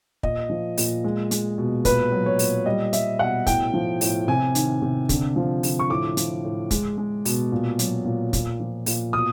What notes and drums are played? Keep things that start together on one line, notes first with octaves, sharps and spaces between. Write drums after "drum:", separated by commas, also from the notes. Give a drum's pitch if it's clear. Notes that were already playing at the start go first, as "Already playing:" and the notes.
A#2 D#5, drum: kick
F3
A#2, drum: open hi-hat
G#3
G#3, drum: hi-hat
B2
A#2 B4, drum: kick, hi-hat
F#3
C#5
A#2, drum: open hi-hat
G3 D#5
G3 E5, drum: hi-hat
B2 F#5
A2 G5, drum: kick, hi-hat
F3
A2, drum: open hi-hat
C3 G#5
D#3, drum: hi-hat
C3
D3, drum: kick, hi-hat
F3
D3, drum: open hi-hat
C#6
A2 D6
F3, drum: hi-hat
A2
G#3, drum: kick, hi-hat
G#3
B2, drum: open hi-hat
A#2
F#3, drum: hi-hat
A#2
A#2, drum: kick, hi-hat
F3
A#2, drum: open hi-hat
B2 D#6